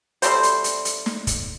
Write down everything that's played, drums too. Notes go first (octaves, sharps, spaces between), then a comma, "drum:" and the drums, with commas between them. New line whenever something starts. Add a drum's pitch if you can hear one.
G3 A3 C4 C5, drum: hi-hat
drum: hi-hat
drum: hi-hat
drum: hi-hat
drum: snare
drum: kick, hi-hat